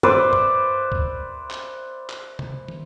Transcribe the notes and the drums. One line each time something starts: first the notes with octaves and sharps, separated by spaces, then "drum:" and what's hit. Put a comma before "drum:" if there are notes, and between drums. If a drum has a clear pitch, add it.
B4 C5 D5 E5, drum: tom G2
drum: tom G2
drum: kick
drum: clap
drum: clap
drum: tom C3
drum: tom